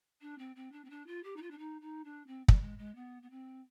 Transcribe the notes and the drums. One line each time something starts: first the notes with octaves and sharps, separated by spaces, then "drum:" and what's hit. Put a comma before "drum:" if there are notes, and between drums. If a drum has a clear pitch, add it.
D4
C4
C4
D4
C4
D4
F4
G4
D#4
F4
D4
D#4
D#4
D4
C4
G3, drum: kick
G#3
G#3
B3
B3
C4